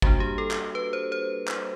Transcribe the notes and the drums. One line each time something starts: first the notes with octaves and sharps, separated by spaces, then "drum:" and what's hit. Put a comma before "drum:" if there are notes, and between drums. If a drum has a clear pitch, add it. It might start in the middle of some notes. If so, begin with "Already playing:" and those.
G3 A#3 D4 F#4, drum: kick G#1
G4
A4
drum: clap
B4
C5
C5
drum: clap